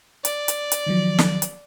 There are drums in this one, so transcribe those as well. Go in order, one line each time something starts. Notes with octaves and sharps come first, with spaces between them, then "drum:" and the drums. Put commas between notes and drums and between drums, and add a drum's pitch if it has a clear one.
D5, drum: hi-hat
drum: hi-hat
drum: hi-hat
D#3 F3 F#3
drum: snare
drum: hi-hat